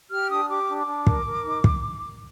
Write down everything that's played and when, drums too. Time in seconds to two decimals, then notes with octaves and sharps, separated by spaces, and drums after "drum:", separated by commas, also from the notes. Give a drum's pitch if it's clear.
0.10 G4 F6
0.29 D4 D#6
0.49 G4 D6
0.68 D4
0.78 D6
0.87 D4
1.07 A#4, drum: kick
1.26 A#4
1.45 D#4
1.64 drum: kick